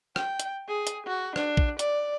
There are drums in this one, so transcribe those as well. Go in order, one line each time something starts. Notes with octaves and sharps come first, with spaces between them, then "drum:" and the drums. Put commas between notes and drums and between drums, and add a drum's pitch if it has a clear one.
G5, drum: rim click
drum: hi-hat
G#4
drum: hi-hat
F#4
D4, drum: rim click
drum: kick A#1
D5, drum: hi-hat